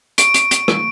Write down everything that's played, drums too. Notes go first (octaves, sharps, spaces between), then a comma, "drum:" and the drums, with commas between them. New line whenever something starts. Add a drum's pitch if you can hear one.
C#6 D7, drum: hi-hat
drum: hi-hat
drum: hi-hat
drum: rim click